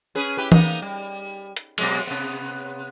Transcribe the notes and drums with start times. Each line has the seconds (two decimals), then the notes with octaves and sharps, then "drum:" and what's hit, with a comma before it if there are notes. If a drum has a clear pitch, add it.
0.15 C#4 G#4 B4
0.37 E4 G4 B4
0.52 A#3 B3 D#4, drum: tom E3
0.82 G3
1.56 drum: hi-hat
1.78 B2 F#3 G#3, drum: cymbal
2.07 C3 B3